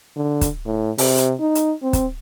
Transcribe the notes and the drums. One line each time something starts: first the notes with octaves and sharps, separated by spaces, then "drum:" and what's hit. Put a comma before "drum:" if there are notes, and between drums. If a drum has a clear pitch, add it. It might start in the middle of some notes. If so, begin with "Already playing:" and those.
D3
drum: kick, hi-hat
A2
C3, drum: open hi-hat
drum: hi-hat
D#4
drum: hi-hat
C4
drum: kick, hi-hat